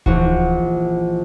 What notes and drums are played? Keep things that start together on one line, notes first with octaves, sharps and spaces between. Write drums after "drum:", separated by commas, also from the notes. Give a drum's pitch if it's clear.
A#1 E3 F#4, drum: kick D1